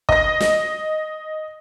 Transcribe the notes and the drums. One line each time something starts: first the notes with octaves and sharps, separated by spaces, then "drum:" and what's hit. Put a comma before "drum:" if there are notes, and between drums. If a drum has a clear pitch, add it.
D#5 A#6, drum: kick
drum: snare